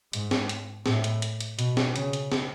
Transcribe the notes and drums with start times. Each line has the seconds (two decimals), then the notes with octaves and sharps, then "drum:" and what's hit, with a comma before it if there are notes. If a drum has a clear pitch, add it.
0.13 G#2, drum: hi-hat
0.31 drum: snare
0.49 drum: hi-hat
0.86 A2, drum: snare
1.04 drum: hi-hat
1.22 drum: hi-hat
1.41 drum: hi-hat
1.59 B2, drum: hi-hat
1.77 drum: snare
1.96 C#3, drum: hi-hat
2.13 drum: hi-hat
2.32 drum: snare